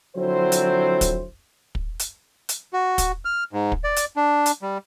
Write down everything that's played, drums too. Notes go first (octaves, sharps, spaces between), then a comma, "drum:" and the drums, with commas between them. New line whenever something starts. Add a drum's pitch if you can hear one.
D3 F3 F#3 C4 E4 C5
drum: hi-hat
drum: kick, hi-hat
drum: kick
drum: hi-hat
drum: hi-hat
F#4
drum: kick, hi-hat
F6
G#2
drum: kick
D5
drum: hi-hat
D4
drum: hi-hat
G3